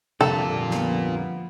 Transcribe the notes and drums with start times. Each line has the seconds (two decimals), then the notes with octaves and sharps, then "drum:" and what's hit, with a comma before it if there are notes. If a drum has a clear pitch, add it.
0.21 F2 D3 G3 F4 A4 A#4, drum: tom C3
0.71 F3 A#3 B3, drum: snare